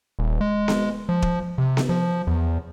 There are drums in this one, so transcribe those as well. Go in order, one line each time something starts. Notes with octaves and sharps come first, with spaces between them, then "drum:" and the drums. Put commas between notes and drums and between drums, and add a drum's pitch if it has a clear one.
D#1
G#3
drum: snare B3
F3
drum: kick D#1
C3
drum: snare B3
F3
E2